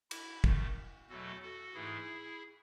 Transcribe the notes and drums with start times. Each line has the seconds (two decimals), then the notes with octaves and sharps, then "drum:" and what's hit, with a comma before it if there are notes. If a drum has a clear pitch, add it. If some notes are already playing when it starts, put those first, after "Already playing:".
0.11 E4, drum: cymbal
0.44 F#2 D#3 A3, drum: kick
1.09 E2 B2 F#3 A3 F#4 A4
1.42 F#4 A4
1.74 G#2 E3 A3 E4 G#4